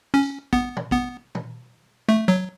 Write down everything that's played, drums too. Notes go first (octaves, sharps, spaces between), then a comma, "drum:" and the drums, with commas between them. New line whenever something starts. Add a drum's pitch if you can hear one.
C#4
drum: tambourine
B3, drum: kick
drum: tom
B3, drum: kick
drum: tom
A3
F#3